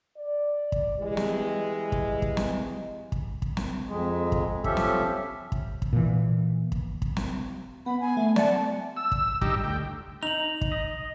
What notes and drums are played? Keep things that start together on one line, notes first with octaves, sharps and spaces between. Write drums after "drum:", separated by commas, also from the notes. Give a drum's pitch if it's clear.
D5
drum: kick
E3 G3 G#3
drum: snare
drum: kick
drum: kick
drum: snare
drum: kick
drum: kick
drum: snare
F2 G#3
drum: kick
F3 C#4 G4 A4 E5, drum: kick
drum: snare
drum: kick
drum: kick
A#2 E3
drum: kick
drum: kick
drum: snare
B3 B5
G#5
A3
D5 F#5 A5, drum: snare
E6
drum: kick
G2 D#4 G4 E6, drum: kick
D2 G5
D#4 F7 F#7
drum: kick
D#5